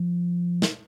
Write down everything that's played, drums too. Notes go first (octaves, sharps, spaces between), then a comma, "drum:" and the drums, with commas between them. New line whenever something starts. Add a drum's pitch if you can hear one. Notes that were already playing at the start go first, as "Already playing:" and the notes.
Already playing: F3
drum: snare